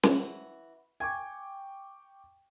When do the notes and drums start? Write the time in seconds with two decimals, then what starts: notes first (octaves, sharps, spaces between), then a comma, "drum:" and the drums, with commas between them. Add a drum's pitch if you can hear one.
0.03 E3 F#4, drum: snare
1.00 G5 G#5 C#6 D6